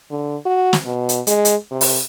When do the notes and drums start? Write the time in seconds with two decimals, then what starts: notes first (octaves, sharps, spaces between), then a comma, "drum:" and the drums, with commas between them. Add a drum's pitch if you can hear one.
0.10 D3
0.45 F#4
0.73 drum: snare
0.86 B2
1.09 drum: hi-hat
1.27 G#3, drum: hi-hat
1.45 drum: hi-hat
1.71 C3
1.81 drum: open hi-hat